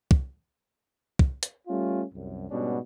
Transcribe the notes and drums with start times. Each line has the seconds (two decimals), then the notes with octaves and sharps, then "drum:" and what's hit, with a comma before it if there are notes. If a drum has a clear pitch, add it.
0.11 drum: kick
1.19 drum: kick
1.43 drum: hi-hat
1.67 G3 A3 C#4 F4
2.13 C2 F#2
2.50 G#2 B2 G3 B3 C#4 D4